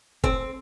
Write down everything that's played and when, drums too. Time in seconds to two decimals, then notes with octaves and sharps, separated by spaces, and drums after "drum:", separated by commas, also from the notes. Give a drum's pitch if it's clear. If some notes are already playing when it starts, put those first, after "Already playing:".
0.24 C4, drum: kick